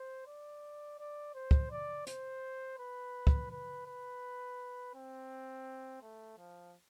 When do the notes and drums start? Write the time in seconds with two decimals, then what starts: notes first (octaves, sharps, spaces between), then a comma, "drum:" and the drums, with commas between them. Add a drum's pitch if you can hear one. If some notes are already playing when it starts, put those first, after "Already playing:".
Already playing: C5
0.27 D5
0.99 D5
1.35 C5
1.51 drum: kick
1.71 D5
2.07 C5, drum: hi-hat
2.79 B4
3.27 drum: kick
3.51 B4
3.87 B4
4.95 C4
6.02 A3
6.38 F3